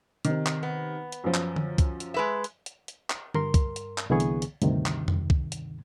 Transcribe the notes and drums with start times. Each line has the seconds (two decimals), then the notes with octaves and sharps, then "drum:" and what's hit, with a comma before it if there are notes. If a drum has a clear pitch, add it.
0.25 C3 D#3, drum: hi-hat
0.47 drum: clap
0.63 B3
1.12 drum: hi-hat
1.24 F#2 F3
1.34 drum: clap
1.56 drum: tom D3
1.78 drum: kick C2, hi-hat
2.00 drum: hi-hat
2.14 G#3 B4 E5
2.44 drum: hi-hat
2.66 drum: hi-hat
2.88 drum: hi-hat
3.10 drum: clap
3.34 G2 A#4 C6, drum: tom D3
3.54 drum: kick C2, hi-hat
3.76 drum: hi-hat
3.98 drum: clap
4.10 C2 D3 E3 B3 G#4 C#6
4.20 drum: hi-hat
4.42 drum: hi-hat
4.62 D2 G2 C3 D#3, drum: hi-hat
4.86 drum: clap
5.08 drum: tom F2
5.30 drum: kick C2
5.52 drum: hi-hat